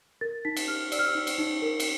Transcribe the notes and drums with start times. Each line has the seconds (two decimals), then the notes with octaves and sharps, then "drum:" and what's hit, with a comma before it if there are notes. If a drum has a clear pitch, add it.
0.21 A#4 A6
0.45 D#4 B6
0.57 drum: cymbal
0.68 G4 F6
0.92 D5 E6, drum: cymbal
0.99 F6
1.06 E6
1.15 D#4
1.27 drum: cymbal
1.39 D#4
1.62 A#4
1.80 drum: cymbal